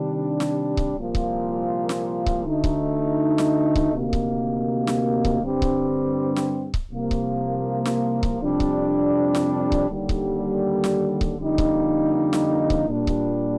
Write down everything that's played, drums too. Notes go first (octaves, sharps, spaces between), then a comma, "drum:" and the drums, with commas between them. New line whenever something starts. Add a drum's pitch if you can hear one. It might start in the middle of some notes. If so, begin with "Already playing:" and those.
Already playing: C3 D#3 G3 D4
drum: snare
drum: kick C#1
C2 A#2 F3 A#3
drum: kick C#1
drum: snare
drum: kick C#1
D2 D3 A3 D#4
drum: kick C#1
drum: snare
drum: kick C#1
D2 C3 D#3 A#3
drum: kick C#1
drum: snare
drum: kick C#1
G2 D3 G3 C4
drum: kick C#1
drum: snare
drum: kick C#1
C2 C3 F3 A#3
drum: kick C#1
drum: snare
drum: kick C#1
F2 C3 G3 D4
drum: kick C#1
drum: snare
drum: kick C#1
D#2 D3 G3
drum: kick C#1
drum: snare
drum: kick C#1
F2 D3 G3 A#3 D#4
drum: kick C#1
drum: snare
drum: kick C#1
A#2 G3 D4
drum: kick C#1